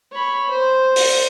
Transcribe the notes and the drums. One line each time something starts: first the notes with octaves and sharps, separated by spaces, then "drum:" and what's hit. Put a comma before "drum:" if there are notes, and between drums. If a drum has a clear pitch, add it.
C#5 B5
C5
drum: open hi-hat